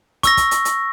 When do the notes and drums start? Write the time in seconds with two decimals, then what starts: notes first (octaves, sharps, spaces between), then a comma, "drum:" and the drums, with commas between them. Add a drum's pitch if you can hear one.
0.23 C#6 E6 A#6, drum: kick, hi-hat
0.37 drum: kick, hi-hat
0.51 drum: hi-hat
0.65 drum: hi-hat